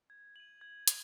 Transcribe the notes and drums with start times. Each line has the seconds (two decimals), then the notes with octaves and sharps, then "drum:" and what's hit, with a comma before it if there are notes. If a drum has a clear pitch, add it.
0.10 G#6
0.36 D#7 F#7
0.61 G#6
0.88 D#7, drum: hi-hat